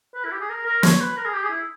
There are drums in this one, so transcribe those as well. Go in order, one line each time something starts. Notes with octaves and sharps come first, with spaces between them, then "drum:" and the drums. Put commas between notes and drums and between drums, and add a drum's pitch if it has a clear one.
B4
E4
G4
G#4
A#4
A#4
C#5, drum: snare
B4
A#4
G#4
G4
G#4
E4